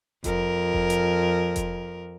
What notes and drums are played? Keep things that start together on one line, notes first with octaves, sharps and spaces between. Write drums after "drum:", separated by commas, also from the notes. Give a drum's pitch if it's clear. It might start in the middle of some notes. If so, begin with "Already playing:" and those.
F2 A#4, drum: kick F1, hi-hat
drum: kick F1
drum: hi-hat
drum: kick F1, hi-hat